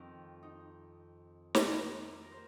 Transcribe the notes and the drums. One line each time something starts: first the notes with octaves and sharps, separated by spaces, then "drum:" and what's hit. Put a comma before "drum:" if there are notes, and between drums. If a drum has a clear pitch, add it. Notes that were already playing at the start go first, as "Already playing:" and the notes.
Already playing: F2 D#3 C4 D#4
D#4
drum: snare
A#4
A#4
C5